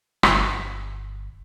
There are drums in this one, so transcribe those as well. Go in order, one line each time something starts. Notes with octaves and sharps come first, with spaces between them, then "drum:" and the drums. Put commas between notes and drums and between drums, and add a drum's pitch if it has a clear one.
G1, drum: rim click